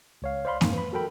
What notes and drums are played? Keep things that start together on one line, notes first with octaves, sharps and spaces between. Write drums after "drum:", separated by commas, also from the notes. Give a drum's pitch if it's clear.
C#2 C#5 F5
C5 D5 F5 B5 C6
F2 G#2 D#3, drum: snare A#3
B4 B5
F#4 A4 A#4 G5 B5